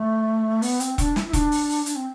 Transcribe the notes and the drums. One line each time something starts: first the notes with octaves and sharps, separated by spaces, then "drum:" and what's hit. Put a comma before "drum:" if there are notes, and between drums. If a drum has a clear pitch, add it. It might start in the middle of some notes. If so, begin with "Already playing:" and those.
Already playing: A3
B3, drum: open hi-hat
C4, drum: hi-hat
D4, drum: kick E1, hi-hat
E4, drum: snare
E4
D4, drum: kick E1, hi-hat
drum: open hi-hat
drum: open hi-hat
D4, drum: hi-hat
C4